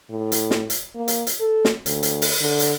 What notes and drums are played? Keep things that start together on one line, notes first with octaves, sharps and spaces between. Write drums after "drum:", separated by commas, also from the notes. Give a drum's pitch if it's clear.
A2
drum: hi-hat
drum: snare
drum: hi-hat
A#3
drum: hi-hat
drum: hi-hat
A4
drum: snare
D2, drum: hi-hat
drum: hi-hat
drum: open hi-hat
D3
drum: hi-hat